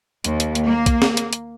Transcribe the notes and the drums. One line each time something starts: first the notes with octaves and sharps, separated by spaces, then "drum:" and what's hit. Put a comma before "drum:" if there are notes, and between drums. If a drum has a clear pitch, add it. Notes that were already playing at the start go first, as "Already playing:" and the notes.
D#2, drum: hi-hat
drum: hi-hat
drum: hi-hat
A#3
drum: kick, hi-hat
drum: snare
drum: hi-hat
drum: hi-hat